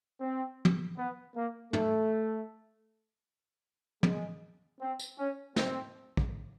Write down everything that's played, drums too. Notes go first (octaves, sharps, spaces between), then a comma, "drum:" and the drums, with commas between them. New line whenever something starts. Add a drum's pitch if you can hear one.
C4
drum: tom
B3
A#3
A3, drum: tom
G#3, drum: tom
C4
drum: tambourine
C#4
C4, drum: snare
drum: kick